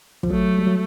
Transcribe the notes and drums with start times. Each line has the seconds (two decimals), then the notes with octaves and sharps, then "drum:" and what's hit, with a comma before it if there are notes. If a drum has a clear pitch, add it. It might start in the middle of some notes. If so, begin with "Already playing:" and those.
0.23 F3, drum: kick
0.30 F#3 A3
0.59 G3
0.67 F#3